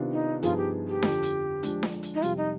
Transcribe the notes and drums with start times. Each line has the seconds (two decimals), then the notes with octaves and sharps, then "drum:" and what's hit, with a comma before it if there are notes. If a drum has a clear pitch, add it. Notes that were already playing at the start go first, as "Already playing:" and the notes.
Already playing: C3 D#3 B3 D4 F4
0.12 D#4
0.43 G2 F3 B3 D#4 F4 G#4, drum: hi-hat
0.57 G4
0.88 G4
1.03 F2 D3 F3, drum: snare D4
1.23 drum: hi-hat
1.63 F3 G#3 D4, drum: hi-hat
1.83 drum: snare D4
2.03 drum: hi-hat
2.14 D#4
2.22 F2 C3 G3 F4, drum: hi-hat
2.37 D#4